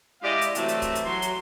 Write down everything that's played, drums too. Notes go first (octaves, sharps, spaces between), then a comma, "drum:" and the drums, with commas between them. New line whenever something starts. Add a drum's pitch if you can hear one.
G#3 E4 G4 D5 D#5 F5
drum: hi-hat
C3 E3 F#3 A3, drum: hi-hat
drum: hi-hat
drum: kick C#1, hi-hat
drum: hi-hat
F#3 C6
drum: hi-hat